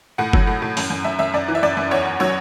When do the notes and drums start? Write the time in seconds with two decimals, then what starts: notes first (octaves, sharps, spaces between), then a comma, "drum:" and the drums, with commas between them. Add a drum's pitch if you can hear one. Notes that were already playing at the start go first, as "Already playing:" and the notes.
0.18 A2 F#5
0.33 F#3, drum: kick F#1
0.47 A2
0.62 A2
0.77 F#2, drum: open hi-hat
0.90 F#2
1.04 F#2 E5
1.19 F#2 E5
1.34 F#2 D5
1.48 E3
1.55 E5
1.63 F#2 D5
1.77 F#2
1.91 E2 C#5
2.05 E2
2.20 F#3 C#5